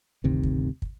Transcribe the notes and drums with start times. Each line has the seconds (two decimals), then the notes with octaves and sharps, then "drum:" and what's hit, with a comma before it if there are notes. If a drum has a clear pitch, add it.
0.24 G1 D2 C3 D#3
0.43 drum: kick
0.82 drum: kick